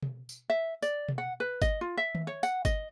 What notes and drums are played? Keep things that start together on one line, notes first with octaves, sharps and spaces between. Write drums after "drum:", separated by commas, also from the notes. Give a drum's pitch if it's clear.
drum: tom B2
drum: tambourine
E5
D5, drum: tambourine
drum: tom B2
F#5
B4
D#5, drum: kick G1, tambourine
F4
E5
drum: tom D#3
C#5
F#5, drum: tambourine
D#5, drum: kick G1, tambourine